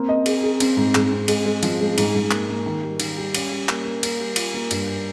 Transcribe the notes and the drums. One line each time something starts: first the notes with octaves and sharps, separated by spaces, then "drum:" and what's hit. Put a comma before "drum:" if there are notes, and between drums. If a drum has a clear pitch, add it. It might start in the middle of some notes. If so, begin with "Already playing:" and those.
Already playing: A#3 C4
D#5
G#4, drum: cymbal
G#4
C4, drum: cymbal
G#2
G#2, drum: clap
C4
G#3, drum: cymbal
G#3
F3, drum: cymbal
G#3
G#2, drum: cymbal
G#2
A#3, drum: clap
A#3
D#3
G3
D#3, drum: cymbal
G3
C#4, drum: cymbal
G3
A#3, drum: clap
A#3
A#3, drum: cymbal
G3
F4, drum: cymbal
A#3
G2, drum: cymbal